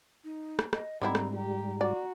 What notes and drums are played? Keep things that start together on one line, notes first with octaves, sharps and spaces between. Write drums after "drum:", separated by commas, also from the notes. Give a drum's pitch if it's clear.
D#4
drum: rim click
D#5, drum: rim click
G#2 D3 D#3 G3 C4 E4 A#5
drum: rim click
G4 A#5
F#4 D5